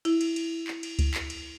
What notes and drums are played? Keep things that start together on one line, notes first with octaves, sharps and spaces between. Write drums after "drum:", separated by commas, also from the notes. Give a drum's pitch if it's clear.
E4, drum: cymbal
drum: cymbal
drum: cymbal
drum: clap
drum: cymbal
drum: kick C#2, cymbal
drum: clap
drum: cymbal